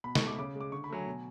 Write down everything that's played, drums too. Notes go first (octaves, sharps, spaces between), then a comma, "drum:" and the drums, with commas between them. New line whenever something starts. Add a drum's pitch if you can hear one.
B2 B5
C#6, drum: snare
A3
D6
C#3 D6
G#3
D6
D3 C#6
B5
F#3 A3 G#5
B2